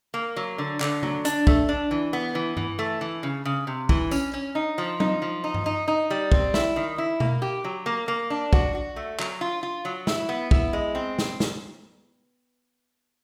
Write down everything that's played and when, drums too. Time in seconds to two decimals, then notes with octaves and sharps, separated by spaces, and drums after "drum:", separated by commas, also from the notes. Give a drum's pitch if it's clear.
0.14 A#3
0.36 F#3
0.58 D3
0.80 D3, drum: clap
1.03 F#3, drum: tom
1.25 D4, drum: hi-hat
1.47 A3, drum: kick
1.69 D4
1.91 E3
2.13 B3
2.35 E3
2.57 E3, drum: tom G2
2.79 A3
3.01 E3
3.23 C#3
3.45 C#3
3.67 C3
3.89 E3, drum: kick
4.11 C#4, drum: tambourine
4.34 C#4
4.55 D#4
4.78 F3
5.00 D#4, drum: tom
5.22 F3
5.44 D#4
5.54 drum: tom G2
5.66 D#4
5.88 D#4
6.10 G3
6.32 C4, drum: kick
6.54 E4, drum: snare
6.76 D#3
6.98 E4
7.20 A#3, drum: tom B2
7.42 G4
7.64 F#3
7.86 A#3
8.08 A#3
8.30 D4
8.53 F#4, drum: kick
8.75 F#4
8.96 A3
9.19 F#3, drum: clap
9.41 F4
9.63 F4
9.85 F#3
10.07 E4, drum: snare
10.29 B3
10.51 E4, drum: kick
10.73 G#3
10.95 C4
11.19 drum: snare
11.40 drum: snare